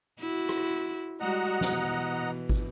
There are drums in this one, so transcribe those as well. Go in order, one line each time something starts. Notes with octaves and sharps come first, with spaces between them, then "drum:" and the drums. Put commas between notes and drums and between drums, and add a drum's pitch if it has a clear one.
E4 F#4
drum: rim click
G3 G#3 F#4 D#5 F#5 A#5
B2 E3, drum: snare
drum: kick